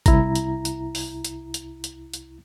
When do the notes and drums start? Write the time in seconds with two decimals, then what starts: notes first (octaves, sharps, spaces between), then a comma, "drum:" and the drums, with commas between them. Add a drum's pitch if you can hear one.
0.06 C2 E4 A#5, drum: kick G#1, hi-hat
0.35 drum: hi-hat
0.65 drum: hi-hat
0.95 drum: open hi-hat
1.24 drum: hi-hat
1.54 drum: hi-hat
1.84 drum: hi-hat
2.14 drum: hi-hat